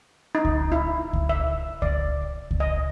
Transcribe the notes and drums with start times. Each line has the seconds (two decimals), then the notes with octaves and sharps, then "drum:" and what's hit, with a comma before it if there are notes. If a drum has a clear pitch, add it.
0.35 D#4
0.45 drum: kick C#2
0.72 E4
1.13 drum: kick C#2
1.29 E5
1.82 D5, drum: kick C#2
2.51 drum: kick C#2
2.60 D#5